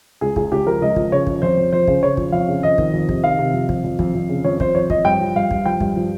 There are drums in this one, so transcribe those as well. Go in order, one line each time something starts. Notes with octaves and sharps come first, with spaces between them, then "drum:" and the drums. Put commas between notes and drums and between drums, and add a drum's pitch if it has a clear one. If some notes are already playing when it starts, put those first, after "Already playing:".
C#2 G#4
C#2 G#4, drum: kick
C#2 G4
F3 A#4
C#2 D#5
F3, drum: kick
C#3 C#5
F3, drum: kick
F2 C5
F2
F3 C5
C#3, drum: kick
C#3 C#5
F3, drum: kick
F2 F5
C#3
F2 D#5
D#3, drum: kick
F2
C3, drum: kick
D#3 F5
C3
F2
F2, drum: kick
F2
F2, drum: kick
F2
C#3
F2 C#5
F2 C5, drum: kick
F2 C#5
F2 D#5, drum: kick
G2 G5
F3
G2 F5
G2, drum: kick
F3 G5
G2, drum: kick
F3